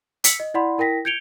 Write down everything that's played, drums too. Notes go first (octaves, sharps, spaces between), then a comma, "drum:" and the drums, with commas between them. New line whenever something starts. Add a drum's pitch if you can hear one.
E6 B6 C#7, drum: hi-hat
D#5
E4 D5 F#5 B5 C6
E4 A#4 G5 A#6 B6
G6 G#6 C#7 D7 F7 G7